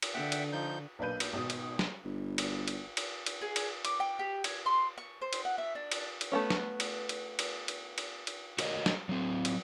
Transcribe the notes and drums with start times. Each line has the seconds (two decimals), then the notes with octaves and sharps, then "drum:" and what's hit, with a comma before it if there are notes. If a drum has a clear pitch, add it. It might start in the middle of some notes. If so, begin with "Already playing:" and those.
0.03 drum: cymbal
0.14 D3 E5 F#5 G5
0.32 drum: cymbal
0.53 F3 D#4 G6
0.99 B1 A#3 D4 B4 G6 D#7
1.20 drum: cymbal
1.33 G#1 B2 D#6
1.50 drum: cymbal
1.79 drum: snare
2.04 G1
2.38 drum: cymbal
2.68 drum: cymbal
2.97 drum: cymbal
3.26 drum: cymbal
3.41 G#4
3.56 drum: cymbal
3.85 D6, drum: cymbal
4.00 G5
4.19 G4
4.44 G#5, drum: cymbal
4.66 C6
4.98 C#6
5.22 C5
5.33 drum: cymbal
5.45 F#5
5.58 E5
5.75 D4
5.92 drum: cymbal
6.21 drum: cymbal
6.32 A3 B3 C#4
6.50 drum: snare
6.80 drum: cymbal
7.09 drum: cymbal
7.39 drum: cymbal
7.68 drum: cymbal
7.98 drum: cymbal
8.27 drum: cymbal
8.59 F#4 A#4 C#5 D#5, drum: cymbal
8.86 drum: snare
9.09 F#3 C4
9.45 drum: cymbal